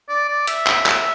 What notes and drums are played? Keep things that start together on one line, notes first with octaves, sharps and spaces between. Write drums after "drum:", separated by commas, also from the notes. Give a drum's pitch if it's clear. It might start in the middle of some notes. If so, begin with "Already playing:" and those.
D5
D5
E5, drum: hi-hat
drum: clap
drum: clap